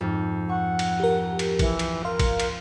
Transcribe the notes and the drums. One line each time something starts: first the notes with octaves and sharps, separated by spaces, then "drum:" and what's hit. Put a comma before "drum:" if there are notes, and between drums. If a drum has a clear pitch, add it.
F2 G#2
F#5 C#6
drum: cymbal
G4 A#4
drum: cymbal
E3, drum: kick, cymbal
drum: cymbal
A#4 F5 C6
drum: kick, cymbal
drum: cymbal